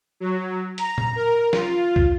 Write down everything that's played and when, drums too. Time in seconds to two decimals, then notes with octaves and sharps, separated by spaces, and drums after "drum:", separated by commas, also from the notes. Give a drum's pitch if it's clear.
0.20 F#3
0.78 A#5, drum: hi-hat
0.98 drum: tom A#2
1.16 A#4
1.53 F4, drum: snare
1.96 drum: kick